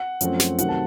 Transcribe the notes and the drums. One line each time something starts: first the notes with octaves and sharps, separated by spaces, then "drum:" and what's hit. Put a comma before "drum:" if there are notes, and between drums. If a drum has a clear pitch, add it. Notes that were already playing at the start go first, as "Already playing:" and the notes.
Already playing: F#5
F#2 F3 A3 C4, drum: hi-hat
drum: snare
C3 D#3 F#3 A3 C4 F#5, drum: hi-hat
A5